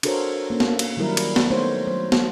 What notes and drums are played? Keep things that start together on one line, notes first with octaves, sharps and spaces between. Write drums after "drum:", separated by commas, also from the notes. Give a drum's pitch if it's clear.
D4 F#4 A4 A#4 C5 C#5, drum: cymbal
A#3 C#4
drum: snare
drum: cymbal
D#3 F#3 G3 E4 A#4
drum: cymbal
drum: snare
A3 B3 D#4 C5 C#5
F#3 C5
drum: snare